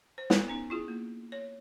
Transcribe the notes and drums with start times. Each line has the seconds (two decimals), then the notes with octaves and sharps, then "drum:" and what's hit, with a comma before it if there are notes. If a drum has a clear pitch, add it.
0.18 C5
0.30 B3 A4, drum: snare
0.48 B3 C#4 D#4
0.70 E4 F4 G#4
0.88 A#3
1.32 C#5